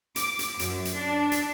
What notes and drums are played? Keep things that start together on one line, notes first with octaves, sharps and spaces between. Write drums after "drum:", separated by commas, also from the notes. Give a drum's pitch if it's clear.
D6, drum: hi-hat
drum: hi-hat
F#2, drum: hi-hat
drum: hi-hat
D4
drum: hi-hat